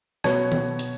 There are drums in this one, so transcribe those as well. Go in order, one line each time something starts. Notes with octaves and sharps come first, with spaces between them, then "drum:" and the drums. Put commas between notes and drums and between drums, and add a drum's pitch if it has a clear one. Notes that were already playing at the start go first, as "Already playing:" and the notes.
B2 F#3 B3 C#5, drum: rim click
drum: tom D#3
drum: hi-hat